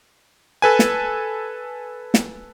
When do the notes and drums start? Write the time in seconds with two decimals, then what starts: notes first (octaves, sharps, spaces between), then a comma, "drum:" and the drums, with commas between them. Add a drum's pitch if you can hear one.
0.62 A4 B4 G#5
0.79 drum: snare
2.14 drum: snare